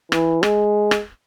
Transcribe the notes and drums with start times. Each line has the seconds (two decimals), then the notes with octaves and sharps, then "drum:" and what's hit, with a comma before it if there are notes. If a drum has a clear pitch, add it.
0.12 E3, drum: rim click
0.43 G#3, drum: rim click
0.91 drum: rim click